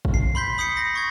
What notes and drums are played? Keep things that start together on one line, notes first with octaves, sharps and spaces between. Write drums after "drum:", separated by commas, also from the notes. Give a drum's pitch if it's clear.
drum: kick
C7
B5 C6 G6 B6
B5 D#6 G6 C7 C#7
A#6
C#6 G#6